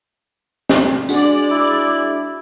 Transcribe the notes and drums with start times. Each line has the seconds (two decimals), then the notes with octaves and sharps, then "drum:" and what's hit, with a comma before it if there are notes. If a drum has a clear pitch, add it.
0.69 drum: snare
1.09 G#3 D4 F#4 G#4 D5, drum: tambourine
1.51 E4